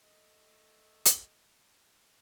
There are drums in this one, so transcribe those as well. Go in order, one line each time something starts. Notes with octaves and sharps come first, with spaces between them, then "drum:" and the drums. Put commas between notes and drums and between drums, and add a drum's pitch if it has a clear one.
A3 D#5
drum: hi-hat